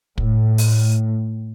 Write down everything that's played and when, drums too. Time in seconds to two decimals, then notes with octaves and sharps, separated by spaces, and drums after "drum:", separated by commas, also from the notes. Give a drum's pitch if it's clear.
0.18 A2, drum: kick
0.58 drum: open hi-hat